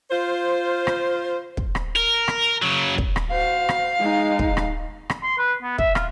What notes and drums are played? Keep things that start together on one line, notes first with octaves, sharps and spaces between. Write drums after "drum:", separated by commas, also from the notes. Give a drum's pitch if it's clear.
F4 C5
drum: rim click
drum: kick
drum: rim click
A#4
drum: rim click
C#3 F#3
drum: kick
drum: rim click
F#4 C5 F5
drum: rim click
G#3 D#4
drum: kick
drum: rim click
drum: rim click
C6
B4
B3
E5, drum: kick
F4, drum: rim click